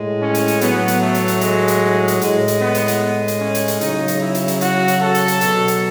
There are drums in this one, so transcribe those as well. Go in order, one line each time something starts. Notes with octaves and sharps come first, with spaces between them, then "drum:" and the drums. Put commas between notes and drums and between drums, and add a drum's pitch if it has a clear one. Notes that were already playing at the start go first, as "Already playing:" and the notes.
Already playing: A2 G#3
C#4
drum: hi-hat
drum: hi-hat
A2 F#3 B3, drum: hi-hat
drum: hi-hat
A3
drum: hi-hat
drum: hi-hat
G#3, drum: hi-hat
drum: hi-hat
drum: hi-hat
A2 G#3, drum: hi-hat
drum: hi-hat
B3
drum: hi-hat
drum: hi-hat
drum: hi-hat
C#4
drum: hi-hat
drum: hi-hat
C#3 F#3 D#4, drum: hi-hat
drum: hi-hat
E4
drum: hi-hat
drum: hi-hat
F#4, drum: hi-hat
drum: hi-hat
A4
drum: hi-hat
drum: hi-hat
B2 F#3, drum: hi-hat
drum: hi-hat